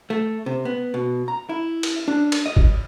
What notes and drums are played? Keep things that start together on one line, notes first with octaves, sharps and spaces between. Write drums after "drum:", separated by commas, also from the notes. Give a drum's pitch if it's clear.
A3
C3
B3
B2
A#5
E4
drum: cymbal
D4
drum: cymbal
D#5
drum: kick G#1